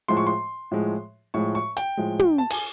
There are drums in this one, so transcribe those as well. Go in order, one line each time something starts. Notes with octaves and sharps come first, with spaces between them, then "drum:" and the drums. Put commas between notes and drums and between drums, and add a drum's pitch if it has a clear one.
A2 F3 G#3 C6
C#6
C6
A2 F3 G#3
A2 F3 G#3 C#6
C#6
G5, drum: hi-hat
A2 F3 G#3
drum: tom
A5
G#5, drum: open hi-hat